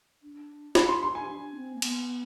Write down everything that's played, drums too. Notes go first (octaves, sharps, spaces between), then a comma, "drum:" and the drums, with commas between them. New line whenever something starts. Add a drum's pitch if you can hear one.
D4
B5, drum: snare
C6
C6
G#5
D4
C4
A#3
B3, drum: cymbal